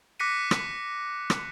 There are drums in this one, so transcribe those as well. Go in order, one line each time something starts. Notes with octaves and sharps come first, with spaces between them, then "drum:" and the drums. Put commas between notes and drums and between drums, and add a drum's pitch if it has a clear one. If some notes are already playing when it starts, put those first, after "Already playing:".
D6 F#6 A#6 B6 C#7 D#7
drum: rim click
drum: rim click